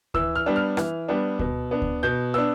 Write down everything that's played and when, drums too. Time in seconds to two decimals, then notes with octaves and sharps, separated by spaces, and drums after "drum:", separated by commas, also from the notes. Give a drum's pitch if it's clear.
0.14 E3 E6, drum: kick D2
0.36 F6
0.46 G3 B3 D4
0.56 F6
0.77 E3, drum: rim click
1.08 G3 B3 D4
1.39 B2, drum: kick D2
1.71 B3 D4
1.82 drum: kick D2
2.03 B2 G6
2.34 B3 D4 E6